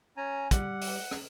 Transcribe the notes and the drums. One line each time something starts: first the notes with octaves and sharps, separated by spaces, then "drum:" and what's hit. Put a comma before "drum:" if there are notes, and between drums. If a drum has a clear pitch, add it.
C#4 G#5 A#5
G3 F#5, drum: kick, hi-hat
drum: open hi-hat
drum: rim click